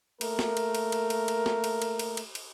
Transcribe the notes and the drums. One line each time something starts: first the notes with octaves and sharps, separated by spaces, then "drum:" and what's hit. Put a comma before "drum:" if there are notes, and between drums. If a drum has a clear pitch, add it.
A3 A#3 A#4, drum: cymbal
drum: snare
drum: cymbal
drum: cymbal
drum: cymbal
drum: cymbal
drum: cymbal
drum: snare
drum: cymbal
drum: cymbal
drum: cymbal
drum: cymbal
drum: cymbal